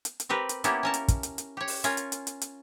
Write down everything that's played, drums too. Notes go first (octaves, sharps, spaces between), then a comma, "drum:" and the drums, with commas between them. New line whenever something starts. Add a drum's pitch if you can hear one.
drum: hi-hat
drum: hi-hat
C4 G4 A#4 B4
drum: hi-hat
A#3 B3 C#4 E4 G4, drum: hi-hat
C#4 A#4 A5
drum: hi-hat
drum: kick, hi-hat
drum: hi-hat
drum: hi-hat
G4 C#5
drum: open hi-hat
C#4 F4 A#4 G#5, drum: hi-hat
drum: hi-hat
drum: hi-hat
drum: hi-hat
drum: hi-hat